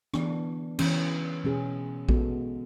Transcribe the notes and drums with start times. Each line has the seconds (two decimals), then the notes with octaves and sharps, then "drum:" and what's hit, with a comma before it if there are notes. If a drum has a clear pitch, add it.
0.14 E3 B3 D4, drum: rim click
0.79 E3 G#3 C#4, drum: cymbal
1.44 B2 G#3 C#4 G#4
2.09 G#3 B3 F#4 A4, drum: kick A#1